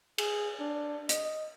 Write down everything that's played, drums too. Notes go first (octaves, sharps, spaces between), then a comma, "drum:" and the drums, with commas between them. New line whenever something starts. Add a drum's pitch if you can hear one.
G#4, drum: cymbal
D4
D#5, drum: hi-hat